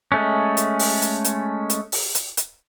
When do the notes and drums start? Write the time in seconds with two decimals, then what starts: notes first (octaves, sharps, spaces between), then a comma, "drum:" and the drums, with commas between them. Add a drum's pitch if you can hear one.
0.12 G#3 A3 C#4
0.57 drum: hi-hat
0.79 drum: open hi-hat
1.02 drum: hi-hat
1.24 drum: hi-hat
1.70 drum: hi-hat
1.92 drum: open hi-hat
2.15 drum: hi-hat
2.37 drum: hi-hat